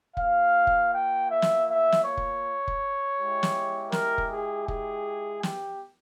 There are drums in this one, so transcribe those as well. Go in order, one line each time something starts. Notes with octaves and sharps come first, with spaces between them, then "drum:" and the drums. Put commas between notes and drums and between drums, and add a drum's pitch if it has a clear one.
A#3 F4 F5, drum: kick
drum: kick
G5
E5
drum: snare
E5
drum: snare
C#5
drum: kick
drum: kick
G#3 E4 G4
drum: snare
A#4, drum: snare
drum: kick
G#4
G#4, drum: kick
G4, drum: snare